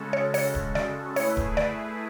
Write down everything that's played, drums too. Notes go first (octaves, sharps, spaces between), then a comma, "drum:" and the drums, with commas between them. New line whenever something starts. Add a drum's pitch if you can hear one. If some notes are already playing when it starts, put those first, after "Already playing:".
Already playing: C#3 G#3 C#4 F#4 A4
C#5
C#5, drum: open hi-hat
drum: kick D1
D5, drum: snare
A3 E4 G#4 B4 C#5, drum: open hi-hat
drum: kick D1
D5, drum: snare